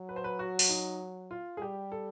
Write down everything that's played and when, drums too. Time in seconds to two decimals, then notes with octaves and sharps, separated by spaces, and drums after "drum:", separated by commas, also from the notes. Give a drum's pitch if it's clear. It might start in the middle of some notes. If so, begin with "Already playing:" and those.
Already playing: F#3
0.09 B4
0.16 C5
0.24 B4
0.39 F#4
0.59 drum: open hi-hat
0.69 D#4
1.31 F4
1.57 G#4
1.61 G3 G4
1.92 A4